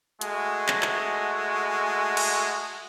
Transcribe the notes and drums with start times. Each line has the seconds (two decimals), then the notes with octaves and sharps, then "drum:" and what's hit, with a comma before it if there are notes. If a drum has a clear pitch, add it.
0.21 G#3 A3 F#4, drum: hi-hat
0.68 drum: clap
0.82 drum: clap
2.17 drum: cymbal